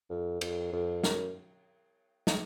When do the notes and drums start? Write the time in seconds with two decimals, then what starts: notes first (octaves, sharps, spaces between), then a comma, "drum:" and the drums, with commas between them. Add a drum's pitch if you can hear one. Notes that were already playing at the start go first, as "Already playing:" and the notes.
0.10 F2
0.41 F2, drum: cymbal
0.72 F2
1.04 F#2, drum: snare
2.27 drum: snare